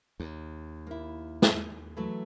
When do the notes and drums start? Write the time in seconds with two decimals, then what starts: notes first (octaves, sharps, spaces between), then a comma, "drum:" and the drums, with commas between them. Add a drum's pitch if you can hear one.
0.20 D#2
0.87 A#3 E4
1.42 drum: snare
1.97 E3 F#3 A3